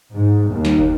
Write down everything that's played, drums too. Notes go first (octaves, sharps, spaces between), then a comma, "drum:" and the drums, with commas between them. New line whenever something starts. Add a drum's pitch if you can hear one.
G#2
D#2
drum: snare
drum: kick